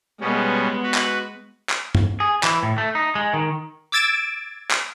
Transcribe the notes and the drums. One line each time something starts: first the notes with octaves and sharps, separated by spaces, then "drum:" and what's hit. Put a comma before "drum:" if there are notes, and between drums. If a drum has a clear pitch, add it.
B2 G3 G#3 B3 C#4
F#4 B4
drum: clap
drum: clap
drum: tom G2
G#4
E3, drum: clap
A2
A3
D#4
G#3
D#3
D6 E6 G#6 A6 D7 E7
drum: clap